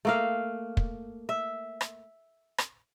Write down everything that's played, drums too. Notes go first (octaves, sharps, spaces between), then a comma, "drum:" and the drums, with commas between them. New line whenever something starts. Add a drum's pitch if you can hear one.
A3 A#3 F5
drum: kick
E5
drum: rim click
drum: rim click